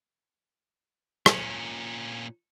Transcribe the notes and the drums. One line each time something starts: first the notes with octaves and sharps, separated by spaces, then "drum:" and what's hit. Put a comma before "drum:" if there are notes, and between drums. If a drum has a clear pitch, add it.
A#2 C#4, drum: rim click